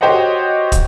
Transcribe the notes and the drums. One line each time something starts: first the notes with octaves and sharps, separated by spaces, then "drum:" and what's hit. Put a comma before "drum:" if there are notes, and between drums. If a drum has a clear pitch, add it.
F#4 G4 C5 C#5 D#5 F#5
drum: kick, hi-hat